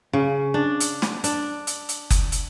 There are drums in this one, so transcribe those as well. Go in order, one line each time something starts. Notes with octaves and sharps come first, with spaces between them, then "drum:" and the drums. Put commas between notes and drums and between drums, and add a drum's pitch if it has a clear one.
C#3
D4
drum: hi-hat
drum: snare
D4, drum: hi-hat
drum: hi-hat
drum: hi-hat
drum: kick F#1, hi-hat
drum: hi-hat